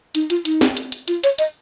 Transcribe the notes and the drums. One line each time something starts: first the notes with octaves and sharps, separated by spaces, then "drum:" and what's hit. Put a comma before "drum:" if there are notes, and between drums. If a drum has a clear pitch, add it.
D#4, drum: hi-hat
F4, drum: hi-hat
D#4, drum: hi-hat
drum: snare
drum: hi-hat
drum: hi-hat
F4, drum: hi-hat
C#5, drum: hi-hat
D#5, drum: hi-hat